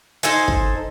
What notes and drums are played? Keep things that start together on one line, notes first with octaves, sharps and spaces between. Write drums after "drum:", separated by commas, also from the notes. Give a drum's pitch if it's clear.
D#4 A4 C5 G#5
drum: kick